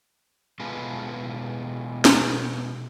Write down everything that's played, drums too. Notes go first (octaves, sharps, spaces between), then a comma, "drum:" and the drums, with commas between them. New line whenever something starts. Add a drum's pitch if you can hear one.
B2 G#3 F4 A4 B4
drum: snare